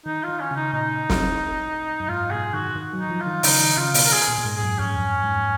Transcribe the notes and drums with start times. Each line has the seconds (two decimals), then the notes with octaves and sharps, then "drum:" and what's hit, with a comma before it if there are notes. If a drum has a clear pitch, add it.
0.06 D#3 D#4
0.23 D#3 F4
0.39 C#4
0.51 C#3
0.56 D#4
0.73 A#2 D#4
1.10 drum: snare
2.00 F#2
2.08 G#2 F4
2.31 B2 G#4
2.53 D#3 F#4
2.76 D#3
2.93 F#3
2.99 D#4
3.10 F3
3.20 F4
3.26 D#3
3.43 C#3 D#4, drum: open hi-hat
3.60 D#3
3.77 C#3 F4
3.94 B2, drum: open hi-hat
4.06 A#4
4.12 G#4
4.28 A#2
4.38 A#2
4.45 G#2
4.56 G#4
4.62 F#2
4.79 F2 C#4
4.94 F2
5.01 F#2
5.24 G#2